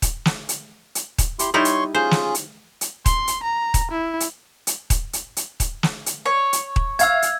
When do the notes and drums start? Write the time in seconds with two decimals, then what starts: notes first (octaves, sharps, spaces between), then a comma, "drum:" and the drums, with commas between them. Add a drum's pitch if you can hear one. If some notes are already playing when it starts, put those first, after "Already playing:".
0.02 drum: kick D#1, hi-hat
0.25 drum: snare
0.49 drum: hi-hat
0.95 drum: hi-hat
1.18 drum: kick D#1, hi-hat
1.39 E4 G4 C6, drum: hi-hat
1.54 G3 D#4 E4 C#5 C6 C#6
1.65 drum: hi-hat
1.95 C#4 F4 G#4 C5
2.11 drum: snare
2.35 drum: hi-hat
2.81 drum: hi-hat
3.06 C6, drum: kick D#1, hi-hat
3.27 drum: hi-hat
3.43 A#5
3.74 drum: kick D#1, hi-hat
3.91 E4
4.20 drum: hi-hat
4.67 drum: hi-hat
4.90 drum: kick D#1, hi-hat
5.13 drum: hi-hat
5.37 drum: hi-hat
5.60 drum: kick D#1, hi-hat
5.83 drum: snare
6.06 drum: hi-hat
6.26 C#5
6.53 drum: hi-hat
6.76 drum: kick D#1
6.99 E5 F5 E6 G#6, drum: hi-hat
7.22 drum: hi-hat